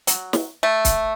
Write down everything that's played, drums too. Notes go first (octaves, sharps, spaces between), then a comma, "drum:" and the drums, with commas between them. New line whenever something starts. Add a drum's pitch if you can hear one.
F#3, drum: hi-hat
drum: snare
A3
drum: kick, hi-hat